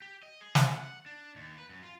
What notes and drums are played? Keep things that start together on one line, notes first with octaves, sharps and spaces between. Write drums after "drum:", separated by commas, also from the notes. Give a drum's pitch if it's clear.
G4
D#5
G#4
A3, drum: snare
F#5
D4
D#2
B4
F#2
F4